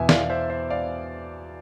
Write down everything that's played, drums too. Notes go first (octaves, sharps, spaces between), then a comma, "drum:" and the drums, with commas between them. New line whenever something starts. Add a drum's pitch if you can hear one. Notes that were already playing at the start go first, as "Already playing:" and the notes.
Already playing: E2 B2 E5 G#5
D5 F5, drum: snare
C5 E5
C5 E5
D5 F5